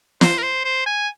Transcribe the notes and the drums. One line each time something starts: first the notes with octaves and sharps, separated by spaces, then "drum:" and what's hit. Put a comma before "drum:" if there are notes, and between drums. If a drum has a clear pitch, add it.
C5, drum: snare
A#4
C5
C5
G#5